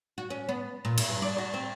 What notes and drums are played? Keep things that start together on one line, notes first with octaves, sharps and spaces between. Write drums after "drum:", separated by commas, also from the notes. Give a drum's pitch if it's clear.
F#4
C#4
B3
A#2
E4, drum: cymbal
G2
D5
F#4
C4